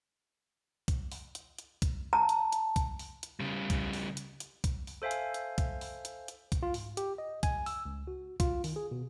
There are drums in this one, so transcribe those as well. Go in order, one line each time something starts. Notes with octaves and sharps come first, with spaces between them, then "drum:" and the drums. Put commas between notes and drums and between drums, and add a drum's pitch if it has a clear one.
drum: kick B1, hi-hat
drum: open hi-hat
drum: hi-hat
drum: hi-hat
drum: kick B1, hi-hat
A5 A#5
drum: hi-hat
drum: hi-hat
drum: kick B1, hi-hat
drum: open hi-hat
drum: hi-hat
C#3 G3
drum: kick B1, hi-hat
drum: open hi-hat
drum: hi-hat
drum: hi-hat
drum: kick B1, hi-hat
drum: open hi-hat
A4 C5 E5 F5 G#5
drum: hi-hat
drum: hi-hat
drum: kick B1, hi-hat
drum: open hi-hat
drum: hi-hat
drum: hi-hat
drum: kick B1, hi-hat
F4
G#2, drum: open hi-hat
G4, drum: hi-hat
D#5
G#5, drum: kick B1, hi-hat
E6, drum: open hi-hat
C#2
F#4
F4, drum: kick B1, hi-hat
D#3, drum: open hi-hat
G#4
B2